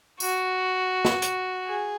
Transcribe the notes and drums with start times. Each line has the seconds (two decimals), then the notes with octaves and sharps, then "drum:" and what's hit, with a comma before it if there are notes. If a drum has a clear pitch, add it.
0.20 F#4, drum: tambourine
1.05 drum: snare
1.22 drum: hi-hat
1.67 G#4